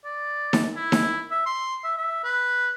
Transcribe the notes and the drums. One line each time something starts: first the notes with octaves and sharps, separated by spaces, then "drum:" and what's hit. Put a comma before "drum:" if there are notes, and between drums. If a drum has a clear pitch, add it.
D5
drum: snare D#4
E4
drum: snare D#4
E5
C6
E5
E5
B4